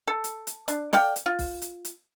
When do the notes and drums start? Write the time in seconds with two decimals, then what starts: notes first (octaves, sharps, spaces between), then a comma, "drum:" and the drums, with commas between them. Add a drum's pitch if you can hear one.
0.07 A4
0.24 drum: hi-hat
0.47 drum: hi-hat
0.68 D4, drum: hi-hat
0.93 A4 D5 F5 G5, drum: snare
1.16 drum: hi-hat
1.26 F4
1.39 drum: kick B1, open hi-hat
1.62 drum: hi-hat
1.85 drum: hi-hat